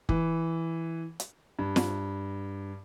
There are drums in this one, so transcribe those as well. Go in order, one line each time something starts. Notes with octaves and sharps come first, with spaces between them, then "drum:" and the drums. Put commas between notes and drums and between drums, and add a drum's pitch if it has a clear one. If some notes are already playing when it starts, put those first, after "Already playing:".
E3, drum: kick
drum: hi-hat
G2
drum: snare